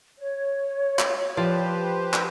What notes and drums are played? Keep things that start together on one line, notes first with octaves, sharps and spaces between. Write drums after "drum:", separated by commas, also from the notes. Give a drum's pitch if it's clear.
C#5
drum: clap
F3 G4 B4 C5 D5
drum: clap